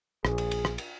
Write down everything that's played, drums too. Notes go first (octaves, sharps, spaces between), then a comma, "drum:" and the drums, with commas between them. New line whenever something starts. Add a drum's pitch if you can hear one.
A#1 G#4, drum: rim click
drum: cymbal
drum: cymbal
drum: rim click
drum: cymbal